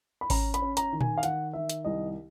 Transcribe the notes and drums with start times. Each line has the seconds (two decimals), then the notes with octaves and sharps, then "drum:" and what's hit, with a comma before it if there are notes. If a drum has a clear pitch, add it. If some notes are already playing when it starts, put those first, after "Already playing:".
0.21 B5
0.30 C#4 A#5, drum: kick G#1, open hi-hat
0.54 B5, drum: hi-hat
0.62 C#4
0.77 A#5, drum: hi-hat
0.93 D#3
1.01 G#5, drum: tom A#2
1.18 F5
1.23 D#3 F#5, drum: hi-hat
1.53 D#3 E5
1.69 drum: hi-hat
1.85 C2 D#5